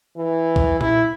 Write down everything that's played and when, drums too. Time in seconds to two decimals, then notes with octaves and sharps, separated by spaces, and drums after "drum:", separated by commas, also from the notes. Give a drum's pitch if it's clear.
0.17 E3
0.56 drum: kick B1
0.81 E4, drum: tom A#2